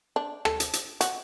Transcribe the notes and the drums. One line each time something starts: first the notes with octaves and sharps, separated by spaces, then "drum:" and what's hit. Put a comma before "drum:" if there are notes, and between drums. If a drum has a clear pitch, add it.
D4
A4, drum: rim click
drum: hi-hat
drum: hi-hat
F#4, drum: hi-hat